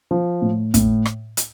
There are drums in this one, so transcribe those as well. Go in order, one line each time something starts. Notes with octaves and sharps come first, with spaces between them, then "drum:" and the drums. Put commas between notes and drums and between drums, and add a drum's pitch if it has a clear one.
F3
A2
A2, drum: kick, hi-hat
drum: rim click
drum: hi-hat